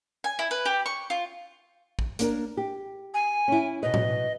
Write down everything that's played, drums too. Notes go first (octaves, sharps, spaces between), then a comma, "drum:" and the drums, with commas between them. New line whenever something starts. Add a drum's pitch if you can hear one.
G#5
E4
B4
G4
C#6
F4
drum: kick
A#3 D4 A#4, drum: hi-hat
G4
G#5
C#4 E4
B2 B4 D#5
drum: tom A2